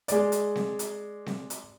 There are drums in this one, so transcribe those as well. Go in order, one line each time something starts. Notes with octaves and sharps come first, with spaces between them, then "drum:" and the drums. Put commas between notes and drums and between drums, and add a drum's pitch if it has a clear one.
G#3 D5, drum: hi-hat
drum: hi-hat
drum: snare C4
drum: hi-hat
drum: snare C4
drum: hi-hat